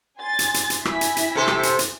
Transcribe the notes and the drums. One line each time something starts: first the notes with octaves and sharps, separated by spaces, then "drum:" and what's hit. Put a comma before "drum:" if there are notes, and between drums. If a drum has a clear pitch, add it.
G#5 C6 A6
drum: hi-hat
drum: hi-hat
drum: hi-hat
E4 G#5 B6, drum: rim click
drum: hi-hat
drum: hi-hat
C3 A4 C5
drum: rim click
drum: hi-hat
drum: hi-hat